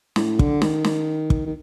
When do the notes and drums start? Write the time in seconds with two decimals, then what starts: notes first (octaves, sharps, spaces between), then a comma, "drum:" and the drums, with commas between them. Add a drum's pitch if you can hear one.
0.16 A2, drum: snare
0.39 D3, drum: kick
0.62 D#3, drum: snare
0.85 drum: snare
1.30 drum: kick
1.46 D#3